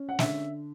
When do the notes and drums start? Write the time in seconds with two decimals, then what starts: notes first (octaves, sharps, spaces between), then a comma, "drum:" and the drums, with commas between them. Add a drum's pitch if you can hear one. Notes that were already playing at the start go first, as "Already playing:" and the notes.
Already playing: C#4
0.09 F#5
0.19 D3 E5, drum: snare